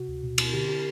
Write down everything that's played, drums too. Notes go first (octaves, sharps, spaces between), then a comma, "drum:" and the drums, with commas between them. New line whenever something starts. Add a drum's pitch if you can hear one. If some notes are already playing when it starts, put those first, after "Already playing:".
Already playing: C3 F#4
D2
B2
B2, drum: cymbal
D3 G4
D3 G4